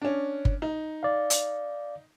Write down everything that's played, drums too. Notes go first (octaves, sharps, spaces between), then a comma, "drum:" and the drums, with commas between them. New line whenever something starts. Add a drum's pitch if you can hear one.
C#4 D4
drum: kick G1
D#4
D5 F5
drum: hi-hat